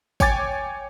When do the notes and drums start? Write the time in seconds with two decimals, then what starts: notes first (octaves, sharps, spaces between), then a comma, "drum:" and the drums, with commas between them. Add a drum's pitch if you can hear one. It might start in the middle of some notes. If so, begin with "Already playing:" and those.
0.20 C#5 G5 G#5 D6 G#6 A6, drum: kick, tambourine